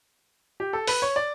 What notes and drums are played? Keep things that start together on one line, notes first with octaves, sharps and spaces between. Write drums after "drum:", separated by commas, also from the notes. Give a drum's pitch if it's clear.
G4
A4
B4, drum: open hi-hat
C#5
D5